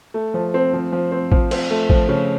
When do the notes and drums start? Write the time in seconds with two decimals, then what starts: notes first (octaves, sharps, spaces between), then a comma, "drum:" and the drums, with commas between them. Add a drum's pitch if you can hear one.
0.14 A3
0.34 F3
0.54 C4
0.73 F3
0.92 F3
1.12 C4
1.32 F3, drum: kick A1
1.51 C4, drum: cymbal
1.70 A3
1.90 F3, drum: kick A1
2.09 C#3